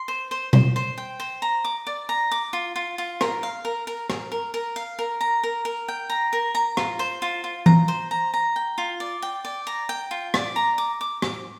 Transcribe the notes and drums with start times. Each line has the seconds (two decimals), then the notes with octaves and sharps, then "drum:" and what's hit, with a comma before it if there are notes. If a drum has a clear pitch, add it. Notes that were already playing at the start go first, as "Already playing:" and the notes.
Already playing: C6
0.08 C5
0.31 C5
0.53 C5, drum: tom B2
0.76 C5
0.98 G5
1.20 C5
1.42 A#5
1.65 D6
1.87 D5
2.09 A#5
2.32 D6
2.53 F4
2.76 F4
2.98 F4
3.21 A#4, drum: rim click
3.43 F5
3.65 A#4
3.87 A#4
4.10 A#4, drum: rim click
4.32 A#4
4.54 A#4
4.76 F5
4.99 A#4
5.21 A#5
5.43 A#4
5.65 A#4
5.88 G5
6.10 A#5
6.33 A#4
6.55 A#5
6.77 F4, drum: rim click
6.99 C5
7.22 F4
7.44 F4
7.66 A#5, drum: tom E3
7.88 C5
8.11 A#5
8.34 A#5
8.56 G5
8.78 F4
9.00 D5
9.22 G5
9.45 D5
9.67 A#5
9.89 G5
10.11 F4
10.34 D5, drum: rim click
10.56 A#5
10.78 D6
11.01 D6
11.22 D6, drum: rim click